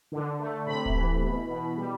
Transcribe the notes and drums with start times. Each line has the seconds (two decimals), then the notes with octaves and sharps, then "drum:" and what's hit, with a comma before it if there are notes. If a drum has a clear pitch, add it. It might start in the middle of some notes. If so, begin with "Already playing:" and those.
0.12 D3
0.40 A3
0.66 C3 B5
0.86 drum: kick D1
0.95 E3
1.22 B2
1.50 B2
1.77 G3